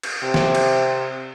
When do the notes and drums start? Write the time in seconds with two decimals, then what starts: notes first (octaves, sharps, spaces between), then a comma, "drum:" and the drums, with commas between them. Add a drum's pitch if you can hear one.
0.03 drum: cymbal
0.23 C3
0.34 drum: snare
0.55 drum: cymbal